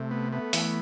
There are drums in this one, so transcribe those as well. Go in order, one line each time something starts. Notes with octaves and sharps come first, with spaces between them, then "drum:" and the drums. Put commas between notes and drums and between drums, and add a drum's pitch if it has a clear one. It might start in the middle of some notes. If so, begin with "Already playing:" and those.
Already playing: C3 A3
B3
B3
E3, drum: open hi-hat